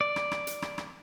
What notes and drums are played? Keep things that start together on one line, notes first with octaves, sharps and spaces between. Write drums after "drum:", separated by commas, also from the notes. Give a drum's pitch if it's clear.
D5
drum: rim click
drum: rim click
drum: hi-hat
drum: rim click
drum: rim click